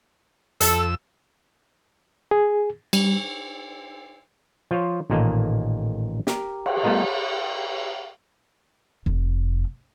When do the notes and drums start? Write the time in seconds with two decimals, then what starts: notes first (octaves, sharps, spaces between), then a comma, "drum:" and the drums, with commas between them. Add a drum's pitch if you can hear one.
0.61 F2 A4 E6, drum: hi-hat
2.31 G#4
2.93 G3, drum: cymbal
4.71 F3 F4 C5 C#5
5.10 A1 A#2 D#3 A#3 A4 D#5
6.27 G4 A#4, drum: snare
6.66 drum: cymbal
6.83 G3 A3 B3 F4 A#4 D#5
9.06 F1